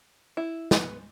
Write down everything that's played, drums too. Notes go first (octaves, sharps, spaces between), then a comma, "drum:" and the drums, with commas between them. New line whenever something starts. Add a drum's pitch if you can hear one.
E4
B3, drum: snare